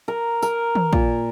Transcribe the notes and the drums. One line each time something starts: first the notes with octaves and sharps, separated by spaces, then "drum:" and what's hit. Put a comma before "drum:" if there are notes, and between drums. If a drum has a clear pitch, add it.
A#4
A#4, drum: tambourine
drum: tom D#3
A#2, drum: kick